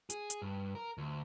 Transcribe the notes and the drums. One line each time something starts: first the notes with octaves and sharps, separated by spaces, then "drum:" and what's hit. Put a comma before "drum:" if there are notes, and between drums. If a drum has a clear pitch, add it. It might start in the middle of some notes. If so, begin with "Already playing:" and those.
G#4, drum: hi-hat
drum: hi-hat
G2
A#4
D2